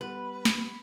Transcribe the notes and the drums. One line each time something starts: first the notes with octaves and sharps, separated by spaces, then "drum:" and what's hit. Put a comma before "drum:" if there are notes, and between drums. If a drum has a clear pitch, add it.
G3 B3 B4
drum: snare